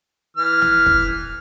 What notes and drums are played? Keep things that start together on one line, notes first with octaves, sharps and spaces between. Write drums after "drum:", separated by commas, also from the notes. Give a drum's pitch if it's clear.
E3 F6
drum: snare
drum: kick